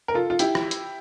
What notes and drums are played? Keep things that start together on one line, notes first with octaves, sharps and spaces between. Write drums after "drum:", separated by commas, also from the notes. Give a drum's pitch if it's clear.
A#4
F4 A4
F4
E4 G4, drum: hi-hat
drum: rim click
drum: hi-hat